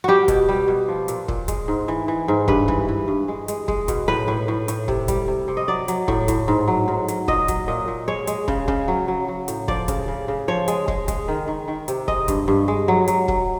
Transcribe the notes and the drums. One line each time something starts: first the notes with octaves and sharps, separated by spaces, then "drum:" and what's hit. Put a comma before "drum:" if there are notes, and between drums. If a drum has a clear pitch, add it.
G3 F#4 G4
B2, drum: kick, hi-hat
G3
B2
F3
A#2, drum: hi-hat
A#2, drum: kick
G#3, drum: kick, hi-hat
G#2
E3
E3
G#2
G2 B4, drum: kick
E3, drum: kick
E3
G2
G#3
G#3, drum: hi-hat
G#3, drum: kick
B2, drum: kick, hi-hat
A2 B4
A2
A2
A2, drum: hi-hat
C3, drum: kick
G3, drum: kick, hi-hat
C3
C3
D#5
F#3 D5
F#3, drum: hi-hat
A2, drum: kick
A2, drum: kick, hi-hat
G#2
F#3
G#2
F#3, drum: hi-hat
A#2 D#5, drum: kick
F#3, drum: kick, hi-hat
A#2 D#5
A#2
G#3 C#5
G#3, drum: hi-hat
C#3, drum: kick
C#3, drum: kick
F#3
F#3
F#3
A2, drum: hi-hat
F3 D5, drum: kick
C#3, drum: kick, hi-hat
C#3
C#3
F3 C#5
G#3, drum: hi-hat
G#3, drum: kick
G#3, drum: kick, hi-hat
D#3
D#3
D#3
C3, drum: hi-hat
G#3 D#5, drum: kick
G2, drum: kick, hi-hat
G2
G#3
F#3
F#3, drum: hi-hat
F#3, drum: kick